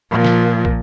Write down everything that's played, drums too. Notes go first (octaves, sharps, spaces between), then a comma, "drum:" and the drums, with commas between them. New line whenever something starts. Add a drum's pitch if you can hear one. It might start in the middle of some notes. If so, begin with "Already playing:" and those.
A#2 F3
drum: snare
drum: kick